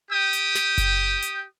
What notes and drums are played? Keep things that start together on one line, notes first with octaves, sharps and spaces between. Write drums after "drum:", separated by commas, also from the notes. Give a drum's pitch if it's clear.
G4 G5 D#6
drum: hi-hat
drum: snare
drum: kick F#1, hi-hat
drum: hi-hat